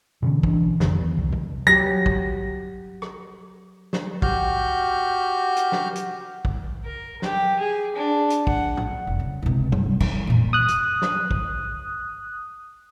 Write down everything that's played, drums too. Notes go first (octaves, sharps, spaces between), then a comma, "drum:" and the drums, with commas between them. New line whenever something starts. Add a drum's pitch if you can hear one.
B2 D3 E3 C#4
E3 D4, drum: kick
F#1 D#3, drum: snare
E2
C2
drum: tom B2
F#3 G4 A#6
drum: kick
drum: rim click
drum: snare
F#4 G4 F6 G6, drum: kick
drum: hi-hat
drum: snare
drum: hi-hat
drum: kick
A#4
G4, drum: snare
G#4
D4
drum: hi-hat
F#5, drum: kick
drum: tom
F1
C#3
C#2 C3
G2, drum: tom
D#3, drum: cymbal
F2 A#2
D#6 F#6
drum: hi-hat
drum: snare
drum: kick